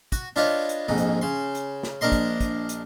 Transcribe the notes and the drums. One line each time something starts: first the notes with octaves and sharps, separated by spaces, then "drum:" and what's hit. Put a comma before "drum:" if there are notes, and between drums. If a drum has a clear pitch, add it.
F#4, drum: kick, hi-hat
D4 F4 B4 C#5 D#5
drum: hi-hat
A#1 F2 G#2 D#4
drum: hi-hat
C#3 C6
drum: hi-hat
drum: snare
A#1 D4 A#4 D#5 C6
drum: kick, hi-hat
drum: kick, hi-hat
drum: hi-hat